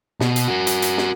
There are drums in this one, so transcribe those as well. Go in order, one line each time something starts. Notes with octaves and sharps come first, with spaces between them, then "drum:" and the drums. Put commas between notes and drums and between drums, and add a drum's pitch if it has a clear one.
B2, drum: snare
drum: hi-hat
F#4 A#4
drum: hi-hat
drum: hi-hat
drum: snare